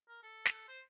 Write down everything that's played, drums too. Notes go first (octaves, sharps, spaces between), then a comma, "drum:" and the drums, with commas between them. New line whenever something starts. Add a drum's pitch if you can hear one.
A#4
A4
drum: snare
C5